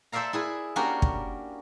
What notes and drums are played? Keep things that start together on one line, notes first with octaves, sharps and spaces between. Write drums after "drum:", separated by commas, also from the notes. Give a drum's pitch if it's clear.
A4 C5 D5 E5 F5 A#5
E4 G#4 B4
A#3 C#4 D4 F#4 G4 A#4
drum: kick